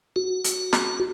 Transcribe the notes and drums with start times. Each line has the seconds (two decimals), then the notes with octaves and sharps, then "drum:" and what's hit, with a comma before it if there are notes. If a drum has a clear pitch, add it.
0.16 F#4
0.44 drum: hi-hat
0.73 drum: snare